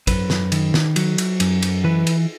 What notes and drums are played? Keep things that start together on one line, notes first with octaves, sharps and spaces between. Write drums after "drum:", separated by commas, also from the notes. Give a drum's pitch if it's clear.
F#2 B4, drum: kick, cymbal
drum: snare
D#3, drum: cymbal
drum: snare
F#3, drum: cymbal
drum: cymbal
F#2, drum: cymbal
drum: cymbal
E3 B4
drum: cymbal